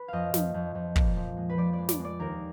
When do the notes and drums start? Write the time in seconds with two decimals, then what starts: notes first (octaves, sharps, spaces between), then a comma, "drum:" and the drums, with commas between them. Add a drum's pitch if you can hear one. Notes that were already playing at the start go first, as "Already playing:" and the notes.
Already playing: B4
0.08 F2 D#5 F5
0.34 F2, drum: snare
0.54 F2
0.75 F2
0.96 A#2, drum: kick
1.17 F3
1.37 G#3
1.49 B4
1.57 F3 D5
1.73 D5
1.78 G#3
1.89 D5, drum: snare
1.99 G#3
2.05 D5
2.19 D#2 A#4